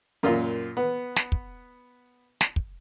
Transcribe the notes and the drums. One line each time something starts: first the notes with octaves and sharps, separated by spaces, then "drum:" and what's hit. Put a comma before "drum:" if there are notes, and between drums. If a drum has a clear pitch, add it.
F#2 A#2 F4
B3
drum: snare
drum: kick
drum: snare
drum: kick